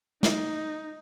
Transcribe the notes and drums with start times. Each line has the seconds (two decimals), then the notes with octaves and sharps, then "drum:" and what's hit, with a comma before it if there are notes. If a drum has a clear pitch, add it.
0.23 D#4, drum: snare